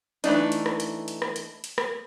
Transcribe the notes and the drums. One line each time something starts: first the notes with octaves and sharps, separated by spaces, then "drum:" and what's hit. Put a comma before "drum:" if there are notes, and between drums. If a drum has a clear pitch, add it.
E3 A3 B3 D4 D#4, drum: hi-hat
drum: hi-hat
drum: rim click
drum: hi-hat
drum: hi-hat
drum: rim click
drum: hi-hat
drum: hi-hat
drum: rim click